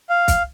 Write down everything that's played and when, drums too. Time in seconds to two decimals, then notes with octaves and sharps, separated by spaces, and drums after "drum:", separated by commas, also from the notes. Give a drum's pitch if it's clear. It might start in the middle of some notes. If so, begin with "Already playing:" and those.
0.10 F5
0.28 drum: kick, hi-hat